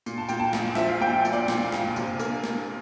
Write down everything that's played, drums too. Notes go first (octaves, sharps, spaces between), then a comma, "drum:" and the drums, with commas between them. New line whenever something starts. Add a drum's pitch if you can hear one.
A#2, drum: tambourine
A5
A#2 G5, drum: tambourine
A5
A#1, drum: snare
F3 E5, drum: snare
F5
A#2 G5
A#2, drum: tambourine
D5
A#2, drum: snare
F5
A#1, drum: snare
C3, drum: tambourine
A#3, drum: tambourine
A#3, drum: snare